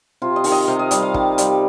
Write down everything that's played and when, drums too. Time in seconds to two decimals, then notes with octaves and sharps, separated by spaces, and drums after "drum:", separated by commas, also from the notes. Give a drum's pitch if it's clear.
0.22 C3 F4
0.36 D#5
0.44 D#3, drum: open hi-hat
0.52 D#5
0.68 C3 F5
0.79 D#5
0.91 G3 F5, drum: hi-hat
1.02 F5
1.14 D#3 F5, drum: kick
1.38 G3, drum: hi-hat